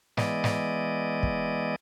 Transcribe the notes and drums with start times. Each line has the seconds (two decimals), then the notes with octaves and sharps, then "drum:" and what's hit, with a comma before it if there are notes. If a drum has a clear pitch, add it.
0.17 E3 G#3 B3 D5 D#5, drum: snare
0.44 drum: snare
1.23 drum: kick